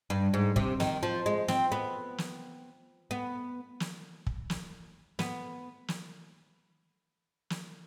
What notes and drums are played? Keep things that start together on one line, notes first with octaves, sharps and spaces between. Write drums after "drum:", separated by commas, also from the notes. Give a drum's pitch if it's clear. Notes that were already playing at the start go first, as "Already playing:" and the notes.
G2
G#2
C3, drum: kick
D#3, drum: snare
F3
G#3
C4, drum: snare
B3
drum: snare
B3
drum: snare
drum: kick
drum: snare
B3, drum: snare
drum: snare
drum: snare